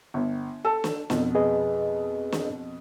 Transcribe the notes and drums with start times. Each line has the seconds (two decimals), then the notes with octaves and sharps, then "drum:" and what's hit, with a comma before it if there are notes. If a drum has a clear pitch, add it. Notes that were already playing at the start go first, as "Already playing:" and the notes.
0.14 G1
0.65 A4
0.84 drum: snare
1.10 F2 B2, drum: snare
1.35 G#4 B4 D#5
2.32 drum: snare